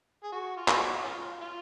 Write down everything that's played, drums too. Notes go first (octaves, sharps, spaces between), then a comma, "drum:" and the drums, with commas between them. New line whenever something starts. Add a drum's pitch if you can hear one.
G#4
F#4
F4
F#4, drum: clap
C#4 F4
F4